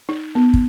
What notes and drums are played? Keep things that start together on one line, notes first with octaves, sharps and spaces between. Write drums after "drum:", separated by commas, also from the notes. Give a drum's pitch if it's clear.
D#4
B3
drum: kick